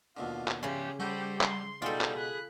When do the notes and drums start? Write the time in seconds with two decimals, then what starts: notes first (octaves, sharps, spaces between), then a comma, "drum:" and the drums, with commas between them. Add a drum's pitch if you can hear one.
0.17 D#2 B2 D3 F4
0.48 drum: clap
0.63 C#3 C#4 G4 G#4 E5 C6
1.00 G3 F#4 G4 A4 C5
1.41 C6, drum: clap
1.82 B2 G#3 D#4 F4 G4 A4 D5 G5
2.01 drum: clap
2.16 G#4 B5 F#6